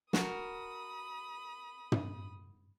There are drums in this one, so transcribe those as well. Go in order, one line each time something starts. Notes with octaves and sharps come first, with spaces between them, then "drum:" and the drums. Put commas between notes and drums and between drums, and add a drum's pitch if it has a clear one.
F#4 A#4 B5 D#6, drum: snare
drum: tom